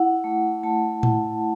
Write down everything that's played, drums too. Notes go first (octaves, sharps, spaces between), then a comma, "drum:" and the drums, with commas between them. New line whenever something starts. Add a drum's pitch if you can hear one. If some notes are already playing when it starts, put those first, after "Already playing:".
Already playing: E4 F#5
A3
A3 A5
E4, drum: tom A2